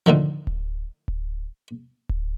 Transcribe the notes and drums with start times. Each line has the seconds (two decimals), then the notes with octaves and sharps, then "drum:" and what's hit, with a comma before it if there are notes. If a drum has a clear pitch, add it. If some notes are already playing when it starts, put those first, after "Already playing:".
0.06 A2 D3 D#3 F3
0.47 drum: kick D1
1.08 drum: kick D1
2.09 drum: kick D1